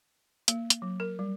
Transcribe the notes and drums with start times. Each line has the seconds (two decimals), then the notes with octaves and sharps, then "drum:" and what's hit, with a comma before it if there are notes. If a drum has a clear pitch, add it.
0.48 A#3, drum: hi-hat
0.70 drum: hi-hat
0.82 F#3
1.00 A#4
1.19 G3